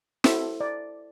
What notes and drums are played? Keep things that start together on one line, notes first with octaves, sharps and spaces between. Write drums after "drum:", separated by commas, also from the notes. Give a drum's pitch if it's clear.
E4 A4 C5 E5, drum: snare
D5